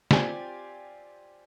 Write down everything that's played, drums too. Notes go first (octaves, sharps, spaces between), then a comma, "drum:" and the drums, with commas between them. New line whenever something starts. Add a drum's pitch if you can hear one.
C4 F4 G4 D5 G#5, drum: snare